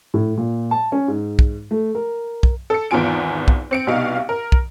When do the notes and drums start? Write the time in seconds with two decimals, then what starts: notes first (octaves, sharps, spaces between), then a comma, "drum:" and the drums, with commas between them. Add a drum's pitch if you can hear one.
0.14 A2
0.38 A#2
0.71 A5
0.92 C#4
1.08 G#2
1.39 drum: kick
1.71 A3
1.95 A#4
2.43 drum: kick
2.70 A4 C#7
2.91 G#1 E2 B3 F4 G#5 D7
3.48 drum: kick
3.71 C4 C#7 D7
3.87 C2 B2 D#4 F5
4.29 A#4
4.52 drum: kick